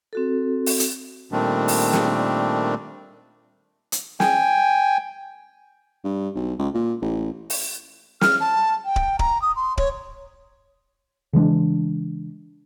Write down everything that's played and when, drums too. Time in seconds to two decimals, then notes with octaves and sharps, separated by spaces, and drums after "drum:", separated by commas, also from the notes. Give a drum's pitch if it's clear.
0.13 C4 F#4 A4
0.66 drum: open hi-hat
0.80 drum: hi-hat
1.32 A#2 D#3 G3 A3 C4 D4
1.68 drum: open hi-hat
1.93 drum: snare
3.92 drum: hi-hat
4.20 G5 G#5, drum: snare
6.04 G2
6.35 B1
6.59 C#2
6.74 A#2
7.02 A1
7.50 drum: open hi-hat
8.21 F6, drum: snare
8.40 A5
8.85 G5
8.96 drum: kick D1
9.19 A#5, drum: kick D1
9.42 D#6
9.56 C6
9.77 C#5, drum: kick D1
11.33 C#3 E3 G#3 D4